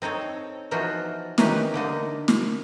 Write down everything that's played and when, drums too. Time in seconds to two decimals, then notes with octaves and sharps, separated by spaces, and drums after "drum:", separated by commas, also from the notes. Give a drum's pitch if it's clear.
0.02 C4 D#4 A4 C#5
0.71 E3 F3 B3 D#4 F4 F#4
1.38 D#3 E3 C#4 D#4 G4 B4, drum: snare
1.74 D3 A#3 D#4
2.28 drum: snare